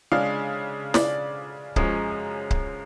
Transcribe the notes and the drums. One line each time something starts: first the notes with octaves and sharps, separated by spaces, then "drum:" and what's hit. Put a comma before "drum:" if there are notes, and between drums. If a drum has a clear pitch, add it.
C#3 G#3 D4 F5
D5, drum: snare
F#2 F3 G#3 C#4, drum: kick C#1
drum: kick C#1